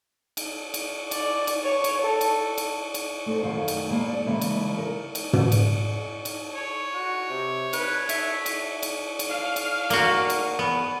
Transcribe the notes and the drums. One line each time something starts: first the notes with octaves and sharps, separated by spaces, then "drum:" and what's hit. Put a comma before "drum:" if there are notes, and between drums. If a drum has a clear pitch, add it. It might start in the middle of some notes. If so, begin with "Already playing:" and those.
drum: cymbal
drum: cymbal
D5, drum: cymbal
drum: cymbal
C#5
drum: cymbal
A4
drum: cymbal
drum: cymbal
drum: cymbal
A3 C4 D#4
F#2 D#3 G#4 F5
drum: cymbal
G3 G#3 A#3 A#4
D5
C#3 E3 G3 G#3 A#3 E5
drum: cymbal
A#4
drum: cymbal
drum: tom
drum: cymbal
drum: cymbal
C#5
F#4
C3
B4, drum: cymbal
E5, drum: cymbal
drum: cymbal
drum: cymbal
drum: cymbal
F5
drum: cymbal
A#3 F#4, drum: cymbal
drum: cymbal
B3